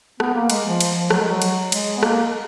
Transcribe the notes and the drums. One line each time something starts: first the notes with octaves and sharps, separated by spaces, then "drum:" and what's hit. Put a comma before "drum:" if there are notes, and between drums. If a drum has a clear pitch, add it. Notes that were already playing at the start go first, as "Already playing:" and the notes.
B3, drum: rim click
A#3
G#3, drum: cymbal
F3
drum: cymbal
F#3, drum: rim click
G#3
F#3
drum: cymbal
G#3, drum: cymbal
B3
A#3, drum: rim click